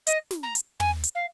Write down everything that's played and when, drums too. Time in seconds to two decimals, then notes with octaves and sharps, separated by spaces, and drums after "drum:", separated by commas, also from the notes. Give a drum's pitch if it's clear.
0.07 D#5, drum: hi-hat
0.31 drum: snare
0.43 A#5
0.55 drum: hi-hat
0.80 G#5, drum: tom
1.04 drum: hi-hat
1.15 F5